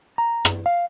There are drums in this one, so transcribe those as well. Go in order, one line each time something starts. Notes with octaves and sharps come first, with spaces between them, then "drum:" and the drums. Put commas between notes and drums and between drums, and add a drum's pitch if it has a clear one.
A#5
drum: rim click
F5